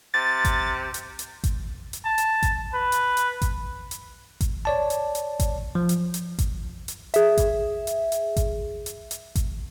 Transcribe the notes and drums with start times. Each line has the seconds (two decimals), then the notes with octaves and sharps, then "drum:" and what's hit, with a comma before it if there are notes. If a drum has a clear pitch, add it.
0.14 C3 A6
0.45 drum: kick G#1, hi-hat
0.94 drum: hi-hat
1.19 drum: hi-hat
1.44 drum: kick G#1, hi-hat
1.93 drum: hi-hat
2.05 A5
2.18 drum: hi-hat
2.43 drum: kick G#1, hi-hat
2.74 B4
2.92 drum: hi-hat
3.17 drum: hi-hat
3.42 drum: kick G#1, hi-hat
3.91 drum: hi-hat
4.41 drum: kick G#1, hi-hat
4.65 C#5 D5 A5
4.90 drum: hi-hat
5.15 drum: hi-hat
5.40 drum: kick G#1, hi-hat
5.75 F3
5.89 drum: hi-hat
6.14 drum: hi-hat
6.39 drum: kick G#1, hi-hat
6.88 drum: hi-hat
7.14 G#4 E5, drum: hi-hat
7.38 drum: kick G#1, hi-hat
7.87 drum: hi-hat
8.12 drum: hi-hat
8.36 drum: kick G#1, hi-hat
8.86 drum: hi-hat
9.11 drum: hi-hat
9.35 drum: kick G#1, hi-hat